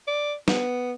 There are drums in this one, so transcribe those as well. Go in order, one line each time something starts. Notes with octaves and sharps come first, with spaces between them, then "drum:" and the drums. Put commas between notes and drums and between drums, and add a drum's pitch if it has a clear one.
D5
B3, drum: snare